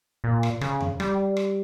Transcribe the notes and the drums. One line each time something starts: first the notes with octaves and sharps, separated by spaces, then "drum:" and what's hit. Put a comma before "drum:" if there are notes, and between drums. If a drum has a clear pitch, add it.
A#2
drum: rim click
C#3, drum: rim click
drum: tom E2
G3, drum: rim click
drum: rim click